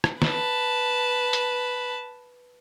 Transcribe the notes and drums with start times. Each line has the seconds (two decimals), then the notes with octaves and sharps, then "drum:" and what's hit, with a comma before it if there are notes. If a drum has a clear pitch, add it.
0.04 drum: rim click
0.22 B4 A5, drum: snare
1.33 drum: hi-hat